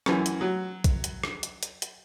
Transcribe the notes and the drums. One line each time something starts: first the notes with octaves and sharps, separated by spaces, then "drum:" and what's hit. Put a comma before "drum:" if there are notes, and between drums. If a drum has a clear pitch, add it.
F#2 E3, drum: rim click
drum: hi-hat
F#3
drum: kick, hi-hat
drum: hi-hat
drum: rim click
drum: hi-hat
drum: hi-hat
drum: hi-hat